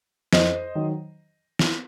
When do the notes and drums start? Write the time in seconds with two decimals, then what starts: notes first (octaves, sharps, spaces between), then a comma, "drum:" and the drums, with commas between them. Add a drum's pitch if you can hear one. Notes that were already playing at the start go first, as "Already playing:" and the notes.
0.33 F2 C5 D#5, drum: snare
0.75 D#3 F#3
1.59 drum: snare